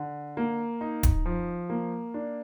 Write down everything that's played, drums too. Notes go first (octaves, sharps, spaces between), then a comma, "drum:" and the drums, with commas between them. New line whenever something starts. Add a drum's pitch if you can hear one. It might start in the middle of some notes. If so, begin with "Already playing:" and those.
Already playing: D3
A#3
D#4
drum: kick D1, hi-hat
F3
A#3
D4